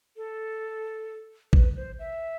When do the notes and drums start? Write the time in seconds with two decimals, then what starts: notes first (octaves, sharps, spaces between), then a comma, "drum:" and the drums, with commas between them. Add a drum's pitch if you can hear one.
0.17 A4
1.53 B4, drum: kick A#1
1.76 C5
1.99 E5